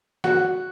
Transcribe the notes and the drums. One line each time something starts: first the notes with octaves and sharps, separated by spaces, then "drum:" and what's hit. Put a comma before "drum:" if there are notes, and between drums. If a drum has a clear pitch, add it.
F#4, drum: snare